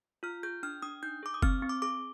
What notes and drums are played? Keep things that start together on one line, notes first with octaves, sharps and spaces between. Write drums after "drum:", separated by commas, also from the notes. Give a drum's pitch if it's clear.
F4 F6
G#4 G6
D4 F6
D4 D#6
D#4 G6
G#4 D6
D#6
C4 F6, drum: kick F#1
C4
D6
G#4 D6